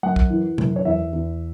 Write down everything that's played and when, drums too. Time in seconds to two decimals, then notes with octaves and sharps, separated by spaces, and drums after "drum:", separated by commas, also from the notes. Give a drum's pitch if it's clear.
0.03 F#2 F#5
0.16 drum: kick
0.30 E3
0.58 F#2, drum: tom C3
0.76 C#5
0.85 E2 E5
1.13 E2